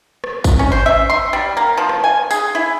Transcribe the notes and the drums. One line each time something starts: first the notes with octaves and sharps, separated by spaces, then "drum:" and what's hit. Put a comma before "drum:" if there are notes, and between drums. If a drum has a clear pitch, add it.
drum: rim click
drum: kick, tambourine
C#4
C5
E5
C6
G3
A#3
F3
drum: rim click
G#5
G#4, drum: tambourine
E4